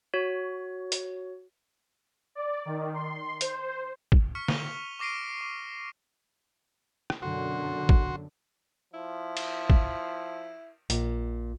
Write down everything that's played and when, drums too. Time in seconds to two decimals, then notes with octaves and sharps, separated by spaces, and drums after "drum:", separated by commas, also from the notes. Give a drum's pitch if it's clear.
0.14 F#4 C#5
0.92 drum: hi-hat
2.35 D5
2.65 D#3
2.94 C6
3.41 C5, drum: hi-hat
4.12 drum: kick
4.35 C#6 F6 B6 C#7
4.48 D#7 F7 G7, drum: snare
4.99 C#6 D6 A#6 C7 D7 D#7
5.41 D6
7.10 drum: rim click
7.22 F#2 B2 D3 F#4 C6
7.89 drum: kick
8.94 F3 E4
9.37 drum: cymbal
9.70 drum: kick
10.90 A#1 A#2, drum: hi-hat